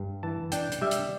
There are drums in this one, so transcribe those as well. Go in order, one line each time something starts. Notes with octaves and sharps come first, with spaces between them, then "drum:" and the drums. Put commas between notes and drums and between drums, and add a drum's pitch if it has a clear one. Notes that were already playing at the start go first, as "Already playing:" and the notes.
Already playing: G2
E3 A5
D4 G5, drum: hi-hat
drum: hi-hat
G3 E5
drum: hi-hat